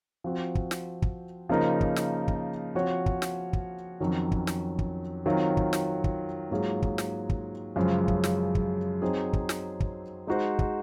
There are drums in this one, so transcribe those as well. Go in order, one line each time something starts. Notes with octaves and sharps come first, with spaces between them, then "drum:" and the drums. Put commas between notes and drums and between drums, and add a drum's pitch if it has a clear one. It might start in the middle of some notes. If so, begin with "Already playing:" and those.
F3 C4 F#4
drum: kick
drum: snare
drum: kick
C#3 F3 A#3 D#4 A#4
drum: kick
drum: snare
drum: kick
F3 C4 F#4 C#5
drum: kick
drum: snare
drum: kick
F2 D#3 F#3 C#4
drum: kick
drum: snare
drum: kick
D#3 F#3 C4 F4
drum: kick
drum: snare
drum: kick
G#2 F#3 A#3 F4 G#4
drum: kick
drum: snare
drum: kick
F#2 C#3 F3 G#3
drum: kick
drum: snare
drum: kick
F#3 C4 D#4 G#4 C5
drum: kick
drum: snare
drum: kick
G#3 D#4 F#4 C5
drum: kick